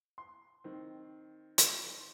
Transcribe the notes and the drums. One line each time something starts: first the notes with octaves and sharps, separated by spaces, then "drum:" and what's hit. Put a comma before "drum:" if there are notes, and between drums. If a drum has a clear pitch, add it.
C6
D#3 C4
C6, drum: hi-hat